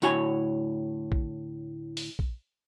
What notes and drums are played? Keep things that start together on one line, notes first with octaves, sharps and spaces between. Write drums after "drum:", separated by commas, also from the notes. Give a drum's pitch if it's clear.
D2 A2 F#4 C#5 G#5, drum: tambourine
drum: kick A#1
drum: open hi-hat
drum: kick A#1